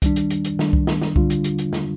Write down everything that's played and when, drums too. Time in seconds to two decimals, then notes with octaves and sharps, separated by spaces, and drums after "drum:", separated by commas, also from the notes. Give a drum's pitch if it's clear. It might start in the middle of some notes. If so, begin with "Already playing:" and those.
0.02 D#3 G3 D4, drum: kick C2, hi-hat
0.16 drum: hi-hat
0.30 drum: hi-hat
0.45 drum: hi-hat
0.59 D#3 G3 D4, drum: snare
0.73 drum: kick C2
0.87 drum: snare
1.02 drum: snare
1.16 D3 G3 D4 F4, drum: kick C2
1.30 drum: hi-hat
1.44 drum: hi-hat
1.58 drum: hi-hat
1.73 drum: snare